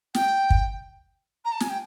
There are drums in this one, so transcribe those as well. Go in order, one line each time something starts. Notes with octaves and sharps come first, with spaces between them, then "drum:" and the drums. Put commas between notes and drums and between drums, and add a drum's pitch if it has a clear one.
G5, drum: snare
drum: kick
A#5
A5
G#5, drum: snare
G5